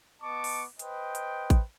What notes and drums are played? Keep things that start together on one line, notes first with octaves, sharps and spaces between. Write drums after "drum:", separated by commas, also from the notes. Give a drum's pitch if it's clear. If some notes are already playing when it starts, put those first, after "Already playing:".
B3 D#5 A5 C#6 D6
drum: open hi-hat
B4 C5 D#5 G5, drum: hi-hat
drum: hi-hat
drum: kick A1, hi-hat